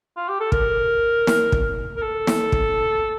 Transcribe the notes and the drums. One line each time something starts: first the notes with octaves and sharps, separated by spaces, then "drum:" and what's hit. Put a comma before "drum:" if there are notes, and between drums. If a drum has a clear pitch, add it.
F4
G4
A4
A#4, drum: kick
drum: snare
drum: kick
A#4
A4
drum: snare
drum: kick